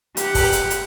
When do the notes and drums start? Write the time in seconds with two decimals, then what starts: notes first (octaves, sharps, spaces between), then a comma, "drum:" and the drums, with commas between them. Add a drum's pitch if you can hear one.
0.17 G4 F#5, drum: hi-hat
0.35 drum: kick, open hi-hat
0.53 drum: hi-hat
0.70 drum: hi-hat